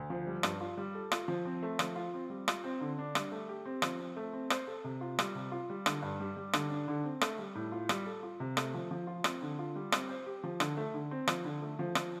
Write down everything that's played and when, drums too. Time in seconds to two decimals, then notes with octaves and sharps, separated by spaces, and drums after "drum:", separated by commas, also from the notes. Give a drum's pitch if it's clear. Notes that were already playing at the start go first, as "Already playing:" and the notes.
Already playing: D2
0.10 F3
0.27 G3
0.43 G2, drum: rim click
0.61 F4
0.77 G3
0.94 A4
1.12 F4, drum: rim click
1.28 F3
1.45 C4
1.63 A3
1.79 F3, drum: rim click
1.96 F4
2.14 C4
2.30 G3
2.48 F4, drum: rim click
2.64 C4
2.81 D3
2.98 D4
3.15 G3, drum: rim click
3.32 A3
3.49 G4
3.66 C4
3.82 F3, drum: rim click
3.99 C4
4.16 A3
4.33 C4
4.50 C5, drum: rim click
4.67 A4
4.84 C3
5.01 F4
5.19 G3, drum: rim click
5.35 C3
5.52 F4
5.70 G3
5.86 D3, drum: rim click
6.02 G2
6.20 G3
6.37 G3
6.53 D3, drum: rim click
6.70 D4
6.88 D3
7.04 C4
7.21 A3, drum: rim click
7.39 G3
7.55 A2
7.72 F4
7.89 G3, drum: rim click
8.06 A4
8.23 F4
8.40 C3
8.57 A3, drum: rim click
8.74 F3
8.91 F3
9.07 F4
9.24 C4, drum: rim click
9.42 D3
9.59 F4
9.76 G3
9.92 C4, drum: rim click
10.09 C5
10.26 G4
10.44 F3
10.60 D3, drum: rim click
10.77 A3
10.94 D3
11.11 C4
11.28 F3, drum: rim click
11.45 D3
11.62 A3
11.79 F3
11.95 F3, drum: rim click